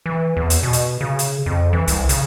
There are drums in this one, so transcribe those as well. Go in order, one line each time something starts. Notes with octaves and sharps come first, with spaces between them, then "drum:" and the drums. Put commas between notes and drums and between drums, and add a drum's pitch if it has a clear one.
E3
E2
drum: hi-hat
B2
drum: hi-hat
C#3
drum: hi-hat
F2
E3
C2, drum: hi-hat
C#3, drum: hi-hat